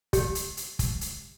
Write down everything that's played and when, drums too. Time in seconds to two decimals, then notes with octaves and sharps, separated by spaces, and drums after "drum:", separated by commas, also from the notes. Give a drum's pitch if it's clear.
0.13 G4, drum: kick, hi-hat
0.35 drum: hi-hat
0.57 drum: hi-hat
0.79 drum: kick, hi-hat
1.01 drum: hi-hat